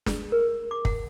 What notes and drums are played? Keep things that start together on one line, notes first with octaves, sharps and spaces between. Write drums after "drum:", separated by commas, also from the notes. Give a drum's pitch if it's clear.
G#4, drum: snare
A#4
D6
F#5, drum: kick